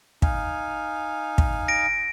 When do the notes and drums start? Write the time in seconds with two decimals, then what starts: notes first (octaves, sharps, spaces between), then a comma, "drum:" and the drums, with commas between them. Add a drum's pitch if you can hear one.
0.22 D#4 F5 G#5, drum: kick
1.38 drum: kick
1.68 A#6 D7